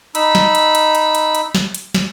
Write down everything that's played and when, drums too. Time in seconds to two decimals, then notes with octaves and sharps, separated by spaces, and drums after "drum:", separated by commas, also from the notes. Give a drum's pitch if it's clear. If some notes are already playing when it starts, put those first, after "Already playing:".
0.15 D#4 B5 E6, drum: hi-hat
0.35 drum: snare
0.55 drum: hi-hat
0.75 drum: hi-hat
0.95 drum: hi-hat
1.15 drum: hi-hat
1.35 drum: hi-hat
1.55 drum: snare
1.75 drum: hi-hat
1.94 drum: snare